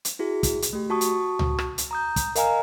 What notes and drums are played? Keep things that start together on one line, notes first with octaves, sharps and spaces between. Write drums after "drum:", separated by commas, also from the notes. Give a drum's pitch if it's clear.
drum: hi-hat
E4 F#4 G#4
drum: kick, hi-hat
drum: hi-hat
A3 G4
F#4 A5 C#6 D#6
drum: hi-hat
drum: tom C#2
drum: rim click
drum: hi-hat
A#5 D#6 G6
drum: kick, hi-hat
A#4 D#5 F5 G#5 A#5 F6, drum: hi-hat